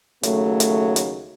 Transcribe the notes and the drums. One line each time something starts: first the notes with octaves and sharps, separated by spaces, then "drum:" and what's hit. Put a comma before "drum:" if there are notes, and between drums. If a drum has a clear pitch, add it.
D#2 C#3 F#3 A3, drum: hi-hat
drum: hi-hat
drum: hi-hat